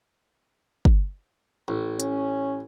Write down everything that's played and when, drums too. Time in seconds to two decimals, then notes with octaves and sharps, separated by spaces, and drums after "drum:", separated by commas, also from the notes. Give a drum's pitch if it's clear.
0.85 drum: kick G1
1.68 A1
2.00 C#4, drum: hi-hat